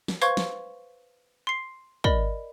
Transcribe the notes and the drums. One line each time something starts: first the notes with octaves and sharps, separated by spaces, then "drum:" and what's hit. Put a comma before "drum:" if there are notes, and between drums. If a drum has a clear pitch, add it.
drum: snare
B4 C5 F5 C6 C#6 G#6, drum: tambourine
drum: snare
C6 C7
A#4 D5 D#5 B5, drum: kick